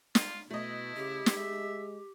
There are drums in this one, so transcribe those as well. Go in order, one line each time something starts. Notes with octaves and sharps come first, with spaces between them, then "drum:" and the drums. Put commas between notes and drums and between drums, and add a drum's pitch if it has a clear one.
F4, drum: snare
B2 A3 E4 D#5
C#3 G4
drum: snare
G#3 E5